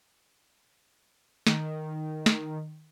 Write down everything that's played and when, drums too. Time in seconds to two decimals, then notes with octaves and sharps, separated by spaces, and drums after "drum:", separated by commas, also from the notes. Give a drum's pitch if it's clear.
1.47 D#3, drum: snare
2.26 drum: snare